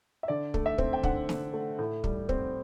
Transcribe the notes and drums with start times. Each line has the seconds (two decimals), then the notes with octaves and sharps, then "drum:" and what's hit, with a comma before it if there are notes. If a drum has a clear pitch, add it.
0.23 E5
0.28 D3 D5
0.54 A3, drum: kick
0.66 E5
0.78 C4, drum: kick
0.93 G5
1.03 D3 F#5, drum: kick
1.29 D3, drum: snare
1.53 A3
1.79 A2
2.04 G3, drum: kick
2.29 C4, drum: kick